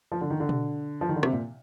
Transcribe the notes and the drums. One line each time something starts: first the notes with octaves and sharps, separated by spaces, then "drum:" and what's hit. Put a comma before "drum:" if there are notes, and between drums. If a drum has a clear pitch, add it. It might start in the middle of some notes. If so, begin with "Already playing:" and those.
F3
D3
D#3
D3
drum: tom B2
F3
D#3
D3
C3, drum: rim click
A#2